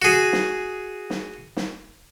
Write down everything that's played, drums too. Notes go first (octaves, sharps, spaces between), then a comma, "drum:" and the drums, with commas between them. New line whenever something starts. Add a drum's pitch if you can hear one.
F#4 G#4
drum: snare
drum: snare
drum: snare